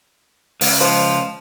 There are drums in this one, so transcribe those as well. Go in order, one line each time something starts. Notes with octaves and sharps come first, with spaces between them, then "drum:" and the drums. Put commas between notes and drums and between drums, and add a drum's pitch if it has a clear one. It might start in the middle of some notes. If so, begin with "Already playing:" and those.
C#2, drum: open hi-hat
F3 B4 C5